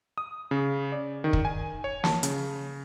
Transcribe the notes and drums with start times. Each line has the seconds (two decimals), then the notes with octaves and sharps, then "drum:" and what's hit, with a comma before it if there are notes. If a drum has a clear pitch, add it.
0.18 D#6
0.51 C#3
0.92 D5
1.24 D#3
1.33 drum: kick
1.45 G#5
1.84 C#5
2.04 A5, drum: snare
2.23 C#3, drum: hi-hat